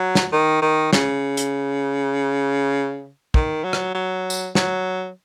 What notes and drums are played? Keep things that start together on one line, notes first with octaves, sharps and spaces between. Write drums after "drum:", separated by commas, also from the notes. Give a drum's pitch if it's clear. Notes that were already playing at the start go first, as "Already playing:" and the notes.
Already playing: F#3
drum: snare
D#3
D#3
C#3, drum: snare
drum: hi-hat
D#3, drum: kick
F#3
drum: rim click
F#3
drum: tambourine
F#3, drum: snare